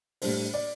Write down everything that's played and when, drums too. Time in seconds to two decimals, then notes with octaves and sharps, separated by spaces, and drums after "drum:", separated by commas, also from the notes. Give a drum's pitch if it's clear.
0.22 A2 G3 D4 C5, drum: open hi-hat
0.54 D5